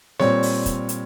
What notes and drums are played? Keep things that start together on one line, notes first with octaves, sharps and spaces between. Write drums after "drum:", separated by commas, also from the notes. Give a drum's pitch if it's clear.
A#2 G3 C4 C#5, drum: snare
drum: open hi-hat
drum: kick, hi-hat
drum: hi-hat